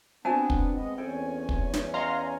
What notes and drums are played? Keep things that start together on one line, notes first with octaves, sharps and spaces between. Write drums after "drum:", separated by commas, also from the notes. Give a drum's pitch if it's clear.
B3 C4 D4 F#4 G#5 A5
drum: kick
G#3 B3 D#5
E2 C#4 A4 C5 G5 G#5
drum: kick
drum: snare
D#5 F5 F#5 A#5 C6